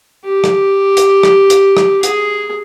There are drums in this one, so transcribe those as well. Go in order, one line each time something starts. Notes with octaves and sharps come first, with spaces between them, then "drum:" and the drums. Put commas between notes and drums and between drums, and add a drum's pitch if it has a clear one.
G4
drum: rim click
drum: hi-hat
drum: rim click
drum: hi-hat
drum: rim click
G#4, drum: hi-hat